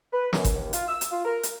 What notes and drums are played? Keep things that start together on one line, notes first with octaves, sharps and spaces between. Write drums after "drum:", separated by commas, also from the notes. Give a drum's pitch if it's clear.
B4
F#2, drum: snare
drum: kick G1, hi-hat
D#2
F4, drum: hi-hat
E6
drum: hi-hat
F4
A#4
drum: hi-hat